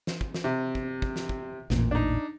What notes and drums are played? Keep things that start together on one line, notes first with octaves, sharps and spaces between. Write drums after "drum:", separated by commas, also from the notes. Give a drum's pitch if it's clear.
drum: snare
drum: kick
drum: snare
C3
drum: kick
drum: kick
drum: snare
drum: kick
A1 E2 A#2, drum: snare
D4 D#4